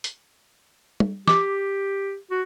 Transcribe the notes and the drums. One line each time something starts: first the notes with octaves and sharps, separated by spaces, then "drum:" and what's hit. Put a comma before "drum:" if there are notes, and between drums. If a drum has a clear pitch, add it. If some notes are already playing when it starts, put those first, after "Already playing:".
drum: hi-hat
drum: tom
G4 D6, drum: snare
F#4